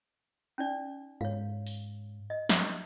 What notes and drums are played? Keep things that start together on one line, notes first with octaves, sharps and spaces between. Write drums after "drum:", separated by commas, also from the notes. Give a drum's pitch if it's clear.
C#4 D#4 D5
G#2 C#5 F5
drum: open hi-hat
D#5
E5, drum: snare